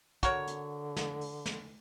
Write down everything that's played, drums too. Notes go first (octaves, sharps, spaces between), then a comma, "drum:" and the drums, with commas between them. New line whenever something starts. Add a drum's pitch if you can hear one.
D3 F#4 A#4 C#5, drum: kick, hi-hat
drum: hi-hat
drum: snare
drum: open hi-hat
drum: snare